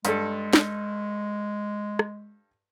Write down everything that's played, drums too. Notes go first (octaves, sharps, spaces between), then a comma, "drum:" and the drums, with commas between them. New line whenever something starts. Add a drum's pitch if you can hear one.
G2 G#3 A4, drum: hi-hat
drum: snare
drum: rim click